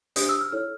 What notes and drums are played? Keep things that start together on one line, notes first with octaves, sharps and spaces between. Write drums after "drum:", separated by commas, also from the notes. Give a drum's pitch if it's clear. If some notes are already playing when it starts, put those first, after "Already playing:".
D4 G4 C5 D#6, drum: hi-hat
E6
F6
E4 A4 C#5 F6